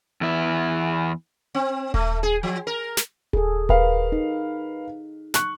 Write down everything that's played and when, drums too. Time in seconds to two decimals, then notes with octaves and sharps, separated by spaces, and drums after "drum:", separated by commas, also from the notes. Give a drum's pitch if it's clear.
0.21 E2 E4
1.55 C4
1.94 A3, drum: kick D#1
2.23 G#4
2.43 F3
2.67 A#4
2.97 drum: snare
3.33 G#4 A4, drum: kick D#1
3.69 A#4 B4 F5, drum: kick D#1
4.12 D#4
5.34 C#6 F#6, drum: snare